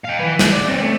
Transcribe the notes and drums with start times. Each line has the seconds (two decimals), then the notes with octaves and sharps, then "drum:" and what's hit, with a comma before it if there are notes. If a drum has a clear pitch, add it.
0.05 F5 G5
0.19 B4 G#5
0.39 G#3, drum: snare
0.52 D5
0.68 C4 C#4
0.83 A3